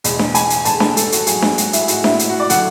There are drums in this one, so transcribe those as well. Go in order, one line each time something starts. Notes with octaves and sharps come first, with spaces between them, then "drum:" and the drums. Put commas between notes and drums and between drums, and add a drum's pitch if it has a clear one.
E2 B2 G#3, drum: hi-hat
drum: snare D4
G#5, drum: hi-hat
drum: hi-hat
E2 D3 G#3 A5, drum: hi-hat
G#5, drum: snare D4
A4, drum: hi-hat
F#4, drum: hi-hat
G#2 F#3 G#4, drum: hi-hat
drum: snare D4
F#4, drum: hi-hat
E4, drum: hi-hat
G#4
A2 G#3 F#4, drum: hi-hat
E4, drum: snare D4
drum: hi-hat
F#4
D5
D3 F#3 F#5, drum: hi-hat